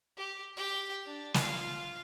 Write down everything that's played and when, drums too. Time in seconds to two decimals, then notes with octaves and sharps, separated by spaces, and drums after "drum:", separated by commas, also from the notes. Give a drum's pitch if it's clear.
0.17 G4
0.57 G4 G5
1.06 D4
1.34 F4 F5, drum: snare